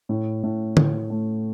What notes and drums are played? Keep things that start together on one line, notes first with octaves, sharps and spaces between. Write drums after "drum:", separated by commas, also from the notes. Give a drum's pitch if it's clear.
A2
A2
A2, drum: tom
A3